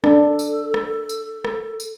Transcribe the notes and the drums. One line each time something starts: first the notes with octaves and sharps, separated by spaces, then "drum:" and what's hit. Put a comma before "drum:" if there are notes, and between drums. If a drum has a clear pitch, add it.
D4 A4, drum: rim click
drum: tambourine
drum: rim click
drum: tambourine
drum: rim click
drum: tambourine